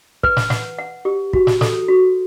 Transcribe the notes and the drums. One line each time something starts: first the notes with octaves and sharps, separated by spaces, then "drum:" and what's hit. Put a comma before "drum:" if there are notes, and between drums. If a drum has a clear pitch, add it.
B4, drum: kick
drum: snare
F#5, drum: snare
F#5
G4
F#4, drum: kick
drum: snare
A4, drum: snare
F#4